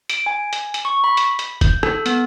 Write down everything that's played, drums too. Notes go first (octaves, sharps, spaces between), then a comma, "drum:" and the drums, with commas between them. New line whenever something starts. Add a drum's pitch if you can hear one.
D7, drum: hi-hat
G#5
drum: hi-hat
drum: hi-hat
C#6
B5
drum: hi-hat
drum: hi-hat
G6, drum: kick, hi-hat
A4, drum: rim click
B3, drum: hi-hat